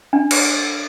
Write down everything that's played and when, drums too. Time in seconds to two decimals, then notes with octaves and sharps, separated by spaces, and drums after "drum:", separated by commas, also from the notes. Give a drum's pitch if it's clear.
0.13 D4
0.31 drum: cymbal